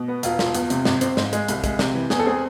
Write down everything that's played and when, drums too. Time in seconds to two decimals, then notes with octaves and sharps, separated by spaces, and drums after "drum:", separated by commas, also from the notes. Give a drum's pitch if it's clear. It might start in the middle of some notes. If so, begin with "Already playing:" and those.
Already playing: B2
0.08 B3
0.23 E1 F4, drum: hi-hat
0.39 F3, drum: snare
0.55 E2, drum: hi-hat
0.70 C3, drum: hi-hat
0.85 G#1, drum: snare
1.01 C4, drum: hi-hat
1.17 G#2, drum: snare
1.33 G#3, drum: hi-hat
1.48 C2, drum: hi-hat
1.64 G#3, drum: kick, hi-hat
1.79 C3, drum: snare
1.95 E3
2.10 E2 G#4, drum: snare
2.19 A4
2.26 C4 G#4